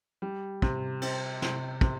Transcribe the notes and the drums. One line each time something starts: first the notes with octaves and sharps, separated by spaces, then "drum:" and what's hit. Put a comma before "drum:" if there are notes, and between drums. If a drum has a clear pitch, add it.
G3
C3, drum: kick
C4, drum: cymbal
C3, drum: snare
C3, drum: kick